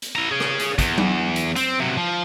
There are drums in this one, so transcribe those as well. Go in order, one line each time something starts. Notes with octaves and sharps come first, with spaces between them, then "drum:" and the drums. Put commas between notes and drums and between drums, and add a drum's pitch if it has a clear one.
drum: hi-hat
E4 A#5
G#4 C#5
drum: rim click
drum: hi-hat
E2, drum: kick, hi-hat
drum: tom F#3
drum: hi-hat
C4, drum: hi-hat
C3 F#3
F3